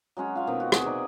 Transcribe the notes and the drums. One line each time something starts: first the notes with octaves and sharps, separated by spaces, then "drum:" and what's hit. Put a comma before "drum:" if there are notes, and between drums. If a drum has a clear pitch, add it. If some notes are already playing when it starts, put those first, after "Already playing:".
F#3 G#3 C#4 F#4
F4 F5 G#5
B2 D#3 C4
F#4
G#4, drum: rim click
C3 D#4 D5